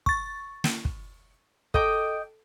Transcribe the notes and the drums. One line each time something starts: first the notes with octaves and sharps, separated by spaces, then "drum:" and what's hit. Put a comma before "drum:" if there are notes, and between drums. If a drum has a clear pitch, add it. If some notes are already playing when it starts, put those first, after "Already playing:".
C#6 A6, drum: kick
drum: snare
drum: kick
A4 D#5 G5 D6 D7, drum: kick